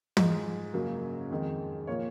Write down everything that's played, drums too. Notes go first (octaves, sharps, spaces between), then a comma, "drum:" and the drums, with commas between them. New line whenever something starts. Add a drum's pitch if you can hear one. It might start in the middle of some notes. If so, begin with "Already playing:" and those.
G#2 F3 G#3, drum: tom
F#2 C#3 F#3 A#3
F2 D#3 G#3
A#2 F3 A#3 C#5